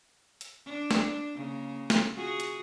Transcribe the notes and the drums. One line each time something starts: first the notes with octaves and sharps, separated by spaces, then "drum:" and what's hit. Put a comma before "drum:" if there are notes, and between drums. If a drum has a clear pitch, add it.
drum: hi-hat
D4
drum: snare
C#3 A#3
drum: snare
F4 F#4 G#4
drum: hi-hat